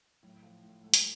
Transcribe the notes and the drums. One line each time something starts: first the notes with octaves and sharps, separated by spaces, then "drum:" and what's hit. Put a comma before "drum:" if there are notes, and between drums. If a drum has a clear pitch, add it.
A2 F#3
F3
A2
G#3 A3
G3, drum: hi-hat